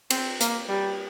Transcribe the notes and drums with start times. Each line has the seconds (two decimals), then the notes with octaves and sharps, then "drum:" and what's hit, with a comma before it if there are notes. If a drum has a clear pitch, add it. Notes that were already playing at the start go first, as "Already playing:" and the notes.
0.10 C4, drum: cymbal
0.41 A#3, drum: hi-hat
0.69 G3